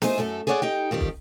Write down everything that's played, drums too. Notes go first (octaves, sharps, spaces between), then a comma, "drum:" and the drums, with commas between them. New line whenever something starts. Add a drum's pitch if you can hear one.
A3 D#4 G#4 C5, drum: snare
F#2 A3 A4
G#4 A4 C#5 D5 F5 F#5
D#4 G4 G5
F2 D#3 G3 G4
drum: kick